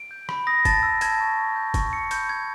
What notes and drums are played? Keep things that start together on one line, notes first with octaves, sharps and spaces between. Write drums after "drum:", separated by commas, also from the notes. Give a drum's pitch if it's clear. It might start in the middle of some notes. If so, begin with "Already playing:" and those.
Already playing: D7
G6
B5, drum: rim click
D#6 A#6
A5 A6, drum: kick F#1, hi-hat
E6
A5 G#6, drum: hi-hat
C#6
C#6
G6
C#6, drum: kick F#1, hi-hat
E6 C#7
B5 G6, drum: hi-hat
G6 G#6